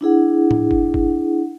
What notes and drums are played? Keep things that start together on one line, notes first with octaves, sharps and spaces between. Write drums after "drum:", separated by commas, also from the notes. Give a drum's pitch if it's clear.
D4 E4 G#4 F#5
drum: tom A2
drum: kick
drum: kick